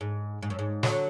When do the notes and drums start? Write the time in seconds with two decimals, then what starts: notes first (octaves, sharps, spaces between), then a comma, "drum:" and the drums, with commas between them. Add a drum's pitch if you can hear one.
0.01 G#2
0.43 G#2
0.50 F#2
0.59 G#2
0.83 D3 F#3, drum: snare